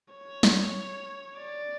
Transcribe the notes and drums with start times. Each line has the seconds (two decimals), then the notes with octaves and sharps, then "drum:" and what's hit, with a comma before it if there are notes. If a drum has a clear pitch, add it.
0.15 C#5
0.43 drum: snare
1.38 D5